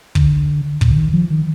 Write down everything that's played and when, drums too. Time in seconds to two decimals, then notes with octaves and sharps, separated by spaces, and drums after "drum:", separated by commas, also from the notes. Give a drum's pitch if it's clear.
0.15 D3, drum: kick
0.81 A#2, drum: kick
0.91 D3
0.97 D#3
1.13 F3
1.30 D#3